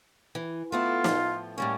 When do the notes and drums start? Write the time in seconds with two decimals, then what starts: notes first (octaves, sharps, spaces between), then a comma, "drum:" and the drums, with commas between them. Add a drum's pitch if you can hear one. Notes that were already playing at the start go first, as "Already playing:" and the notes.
0.35 E3
0.72 A3 B3 E4 F4
1.04 A2 F3, drum: snare
1.58 A2 G3 A#3 C#4